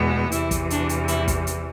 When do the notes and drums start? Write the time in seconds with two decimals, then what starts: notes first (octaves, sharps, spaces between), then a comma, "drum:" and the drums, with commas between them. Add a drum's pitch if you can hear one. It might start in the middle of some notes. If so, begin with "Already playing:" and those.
Already playing: E2 B2 G#3 B3
0.32 E2 C3 E3 E4, drum: hi-hat
0.51 drum: kick, hi-hat
0.70 D4, drum: hi-hat
0.89 drum: hi-hat
1.08 E4, drum: hi-hat
1.28 drum: kick, hi-hat
1.47 drum: hi-hat